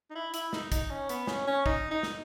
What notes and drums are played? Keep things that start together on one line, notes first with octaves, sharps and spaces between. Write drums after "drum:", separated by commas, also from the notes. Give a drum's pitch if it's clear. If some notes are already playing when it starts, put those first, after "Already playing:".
D#4
E4
E4, drum: hi-hat
D#4, drum: snare
D#4, drum: kick, hi-hat
C#4
B3, drum: hi-hat
C#4, drum: snare
C#4
D#4, drum: kick
D#4
drum: snare